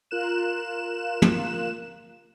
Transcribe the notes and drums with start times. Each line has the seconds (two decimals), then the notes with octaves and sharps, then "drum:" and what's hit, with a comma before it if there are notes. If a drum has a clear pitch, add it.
0.11 F4 A#4 F#6 E7
1.22 drum: tom